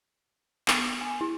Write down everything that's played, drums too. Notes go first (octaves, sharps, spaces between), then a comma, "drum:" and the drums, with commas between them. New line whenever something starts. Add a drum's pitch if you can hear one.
B3, drum: clap
G#5
E4